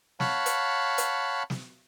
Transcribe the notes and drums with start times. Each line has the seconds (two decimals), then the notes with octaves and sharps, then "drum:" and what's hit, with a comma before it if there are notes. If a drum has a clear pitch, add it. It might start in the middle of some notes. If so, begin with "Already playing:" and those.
0.20 C#5 F5 F#5 A5 B5, drum: snare
0.46 drum: hi-hat
0.98 drum: hi-hat
1.50 drum: snare